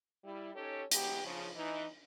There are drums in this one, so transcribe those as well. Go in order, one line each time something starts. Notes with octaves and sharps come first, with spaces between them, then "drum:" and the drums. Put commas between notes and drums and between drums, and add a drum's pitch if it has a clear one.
G3 E4
C#4 D#4 G4 A4 C#5
E3 F#3 G#3 B3 G4, drum: hi-hat
C#3 F3
E3 D#4